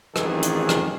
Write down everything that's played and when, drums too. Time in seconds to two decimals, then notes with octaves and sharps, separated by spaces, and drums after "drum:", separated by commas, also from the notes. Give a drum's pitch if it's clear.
0.16 A1 F2 D#3 E3 G#4, drum: rim click
0.42 drum: hi-hat
0.69 drum: rim click